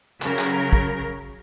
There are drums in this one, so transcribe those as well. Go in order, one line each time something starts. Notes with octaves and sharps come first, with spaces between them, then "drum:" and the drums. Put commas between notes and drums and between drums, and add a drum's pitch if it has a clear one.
C#3 F#3 A#4, drum: clap
drum: clap
drum: kick